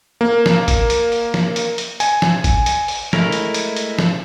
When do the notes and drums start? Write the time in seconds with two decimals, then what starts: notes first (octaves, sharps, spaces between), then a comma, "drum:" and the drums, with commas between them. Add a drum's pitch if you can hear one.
0.21 A#3
0.46 drum: snare
0.68 drum: kick A1, hi-hat
0.90 drum: hi-hat
1.12 drum: open hi-hat
1.34 drum: snare
1.56 drum: hi-hat
1.78 drum: hi-hat
2.00 G#5, drum: hi-hat
2.22 drum: snare
2.44 drum: kick A1, hi-hat
2.66 drum: hi-hat
2.88 drum: open hi-hat
3.13 G#3 A3 E4 A#4, drum: snare
3.32 drum: hi-hat
3.54 drum: hi-hat
3.76 drum: hi-hat
3.99 drum: snare